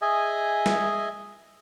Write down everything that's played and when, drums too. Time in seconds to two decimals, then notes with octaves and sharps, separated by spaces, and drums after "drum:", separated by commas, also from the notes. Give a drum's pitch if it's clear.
0.02 G#4 D#5 E5 G#5
0.66 drum: snare